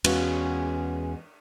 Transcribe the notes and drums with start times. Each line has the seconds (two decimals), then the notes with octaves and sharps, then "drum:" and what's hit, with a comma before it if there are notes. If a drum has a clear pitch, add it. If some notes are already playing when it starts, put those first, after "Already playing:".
0.04 E2 G#3 C#4 F#4 B4 F5, drum: cymbal